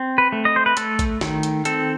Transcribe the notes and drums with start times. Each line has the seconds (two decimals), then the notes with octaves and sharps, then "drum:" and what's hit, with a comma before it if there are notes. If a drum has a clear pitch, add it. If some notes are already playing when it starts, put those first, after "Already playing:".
Already playing: C4
0.18 B4
0.32 A3
0.45 D#5
0.56 C5
0.66 B4
0.77 A3 A4, drum: hi-hat
0.99 drum: kick A1, hi-hat
1.21 D#3, drum: snare
1.43 drum: hi-hat
1.65 C4 A4, drum: hi-hat